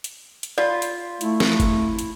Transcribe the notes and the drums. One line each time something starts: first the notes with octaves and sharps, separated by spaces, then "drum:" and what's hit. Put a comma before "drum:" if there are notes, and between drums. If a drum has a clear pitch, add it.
drum: hi-hat
drum: hi-hat
F4 D5 B5
drum: hi-hat
A3 E4, drum: hi-hat
drum: snare
drum: kick G1, hi-hat
drum: hi-hat